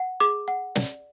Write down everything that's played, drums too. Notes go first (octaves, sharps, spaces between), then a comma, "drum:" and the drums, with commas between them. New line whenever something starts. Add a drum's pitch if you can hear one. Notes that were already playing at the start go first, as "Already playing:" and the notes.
Already playing: F#5
G#4 D6
F#5
D5, drum: snare